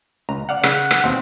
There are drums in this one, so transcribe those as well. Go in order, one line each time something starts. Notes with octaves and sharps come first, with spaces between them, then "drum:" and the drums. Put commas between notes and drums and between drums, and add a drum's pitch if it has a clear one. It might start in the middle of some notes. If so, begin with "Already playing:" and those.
C#2 A#5
D5 F5 F#5
C#3 F#5, drum: rim click
drum: rim click
D#2 B2 C4